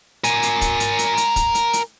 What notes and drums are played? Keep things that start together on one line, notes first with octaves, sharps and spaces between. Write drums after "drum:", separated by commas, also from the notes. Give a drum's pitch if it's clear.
A#4 G#5, drum: hi-hat
drum: hi-hat
drum: kick, hi-hat
drum: hi-hat
drum: hi-hat
drum: hi-hat
drum: kick, hi-hat
drum: hi-hat
drum: hi-hat